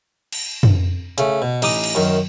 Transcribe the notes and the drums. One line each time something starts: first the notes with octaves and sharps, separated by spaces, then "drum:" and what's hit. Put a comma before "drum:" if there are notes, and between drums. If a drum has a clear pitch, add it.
drum: cymbal
drum: tom
C#3 A3, drum: hi-hat
B2
A1 D#4 D6 D#6, drum: cymbal
drum: cymbal
F#2 D#3